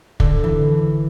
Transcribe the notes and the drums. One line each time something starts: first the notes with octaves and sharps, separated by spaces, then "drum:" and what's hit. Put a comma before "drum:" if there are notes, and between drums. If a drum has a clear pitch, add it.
D3, drum: kick
E3